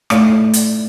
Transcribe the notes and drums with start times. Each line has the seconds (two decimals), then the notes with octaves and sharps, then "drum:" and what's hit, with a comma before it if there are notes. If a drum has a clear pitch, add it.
0.10 A2 A3 E4 D5, drum: rim click
0.53 drum: hi-hat